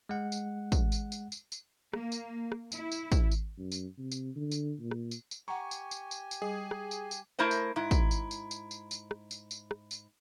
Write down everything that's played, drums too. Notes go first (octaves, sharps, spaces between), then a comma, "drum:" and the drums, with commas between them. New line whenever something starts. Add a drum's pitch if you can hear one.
G#3 F#5
drum: tambourine
drum: kick, tambourine
drum: tambourine
drum: tambourine
drum: tambourine
drum: tambourine
A#3, drum: rim click
drum: tambourine
drum: rim click
E4, drum: tambourine
drum: tambourine
drum: kick, tambourine
drum: tambourine
F#2
drum: tambourine
C3
drum: tambourine
D3
drum: tambourine
A#2
drum: rim click
drum: tambourine
drum: tambourine
G4 F#5 G#5 A#5 C#6
drum: tambourine
drum: tambourine
drum: tambourine
drum: tambourine
G3 G#4
drum: rim click
drum: tambourine
drum: tambourine
A3 E4 A#4 C5 D#5
drum: tambourine
G#2 E4
drum: kick, tambourine
drum: tambourine
drum: tambourine
drum: tambourine
drum: tambourine
drum: tambourine
drum: rim click
drum: tambourine
drum: tambourine
drum: rim click
drum: tambourine